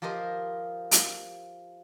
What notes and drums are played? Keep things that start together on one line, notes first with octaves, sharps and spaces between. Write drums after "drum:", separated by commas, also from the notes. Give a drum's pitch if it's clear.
F3 G4 A#4 C5 D#5
drum: hi-hat